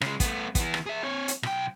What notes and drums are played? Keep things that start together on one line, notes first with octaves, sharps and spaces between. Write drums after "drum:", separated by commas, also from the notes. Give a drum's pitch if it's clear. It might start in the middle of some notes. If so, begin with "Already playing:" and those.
C#3 G#3, drum: rim click
A3 B3, drum: kick, hi-hat
E3 B3, drum: kick, hi-hat
drum: rim click
G#4 E5
C4 C#5
drum: hi-hat
B1 G5, drum: rim click